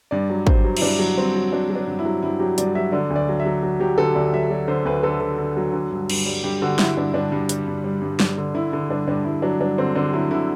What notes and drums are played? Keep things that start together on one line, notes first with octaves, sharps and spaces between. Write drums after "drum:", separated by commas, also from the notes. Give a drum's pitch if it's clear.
G2 D5
F#3
G2 C5, drum: kick
F#3
E4, drum: cymbal
G2 D4
F#3
G2 C4
F#3
F#3 D4
F#3
D4
G2
E4
F#3
G2 E4
F#3 G4
G2 D5, drum: hi-hat
F#3 E5
D3 D5
D2
D5
F#3
E5
F#3
F#3
F#3 G4
D3 A4
D2 D5
F#3 E5
F#3 D5
D3 C5
D2 B4
D3 A4
D3
D3
F#3
D3
G2
G2, drum: cymbal
G3
G2 G4
D3 F#4
D3 E4, drum: snare
G2 D4
G2 D4
G2
G3, drum: hi-hat
G2
G3
G2
G2, drum: snare
D3
D3 E4
D3 E4
G2 D4
G2 D4
G2 E4
F#3 D4
G2 D4
D3 C4
D3 D4
F#3 E4
D3 E4